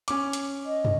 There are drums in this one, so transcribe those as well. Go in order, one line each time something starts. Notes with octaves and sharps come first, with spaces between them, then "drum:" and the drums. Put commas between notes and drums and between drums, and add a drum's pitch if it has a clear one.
C#4 D6, drum: hi-hat
drum: hi-hat
D#5
drum: tom